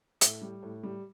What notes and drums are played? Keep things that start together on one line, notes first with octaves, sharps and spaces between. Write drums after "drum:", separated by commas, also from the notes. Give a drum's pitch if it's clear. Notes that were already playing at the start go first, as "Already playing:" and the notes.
A2 E5, drum: hi-hat
G3
A2
G3